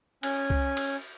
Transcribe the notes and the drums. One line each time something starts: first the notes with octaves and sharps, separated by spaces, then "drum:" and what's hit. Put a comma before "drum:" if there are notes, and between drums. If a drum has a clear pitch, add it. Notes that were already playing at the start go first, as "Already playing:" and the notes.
C#4 G#5, drum: cymbal
drum: kick C2
drum: cymbal